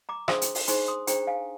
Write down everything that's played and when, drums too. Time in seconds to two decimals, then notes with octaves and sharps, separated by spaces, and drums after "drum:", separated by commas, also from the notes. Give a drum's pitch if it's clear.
0.09 A#5 D6
0.28 D4 G#4 C5 C6 D#6, drum: rim click
0.42 drum: hi-hat
0.55 drum: open hi-hat
0.68 D#4 G#4 C5 G#5 C6, drum: hi-hat
0.88 C6 D#6
1.07 D4 G#4 C5 G5 A#5, drum: hi-hat
1.27 F5 G#5